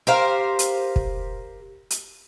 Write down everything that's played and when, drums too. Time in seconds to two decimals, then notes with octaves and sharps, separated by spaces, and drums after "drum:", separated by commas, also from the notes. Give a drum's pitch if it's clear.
0.07 G4 A#4 C5 F5
0.59 drum: hi-hat
0.96 drum: kick
1.90 drum: hi-hat